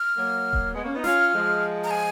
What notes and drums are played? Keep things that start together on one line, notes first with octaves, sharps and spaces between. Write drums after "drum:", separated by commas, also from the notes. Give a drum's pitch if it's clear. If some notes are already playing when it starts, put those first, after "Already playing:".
Already playing: F6
F#3 A#3
drum: kick D#1
G#3 B3
A#3 C#4
B3 D#4
C#4 F4 F6, drum: snare
F3 G#3
A#5
G#5